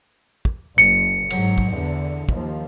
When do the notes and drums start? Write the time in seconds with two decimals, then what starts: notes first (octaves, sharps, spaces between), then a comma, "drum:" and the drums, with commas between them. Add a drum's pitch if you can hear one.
0.45 drum: kick
0.78 F#1 C#7
1.30 G#2 F#3, drum: cymbal
1.58 drum: kick
1.73 E2 D3
2.29 D#2 F3, drum: kick